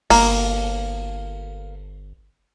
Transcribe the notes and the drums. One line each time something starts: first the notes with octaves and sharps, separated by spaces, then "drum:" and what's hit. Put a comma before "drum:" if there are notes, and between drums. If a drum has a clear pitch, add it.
G1 A#3, drum: open hi-hat